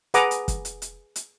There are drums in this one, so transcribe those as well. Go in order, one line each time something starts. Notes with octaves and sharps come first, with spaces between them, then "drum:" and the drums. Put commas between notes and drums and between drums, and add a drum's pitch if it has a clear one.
G#4 B4 F#5 A#5 D6 D#6, drum: hi-hat
drum: hi-hat
drum: kick, hi-hat
drum: hi-hat
drum: hi-hat
drum: hi-hat